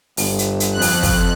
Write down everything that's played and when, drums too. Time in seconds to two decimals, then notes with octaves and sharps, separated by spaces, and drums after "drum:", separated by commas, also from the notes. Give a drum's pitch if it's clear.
0.17 G1, drum: open hi-hat
0.39 drum: hi-hat
0.60 drum: hi-hat
0.72 F2 F#6
0.82 drum: open hi-hat
1.03 drum: kick, open hi-hat